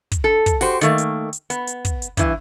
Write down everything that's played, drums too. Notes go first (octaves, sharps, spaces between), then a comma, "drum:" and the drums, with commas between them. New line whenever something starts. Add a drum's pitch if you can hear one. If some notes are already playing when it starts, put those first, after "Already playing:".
drum: kick, hi-hat
A4
drum: kick, hi-hat
F#4 G4 C5, drum: open hi-hat
D#3 A3 A#3, drum: hi-hat
drum: hi-hat
drum: hi-hat
B3, drum: hi-hat
drum: hi-hat
drum: kick, hi-hat
drum: hi-hat
G2 E3, drum: kick, hi-hat